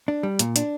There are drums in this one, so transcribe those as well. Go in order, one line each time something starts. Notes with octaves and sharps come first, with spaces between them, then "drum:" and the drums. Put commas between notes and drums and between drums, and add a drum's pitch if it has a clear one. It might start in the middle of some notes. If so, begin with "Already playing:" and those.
D4
G3
A#2, drum: hi-hat
D4, drum: hi-hat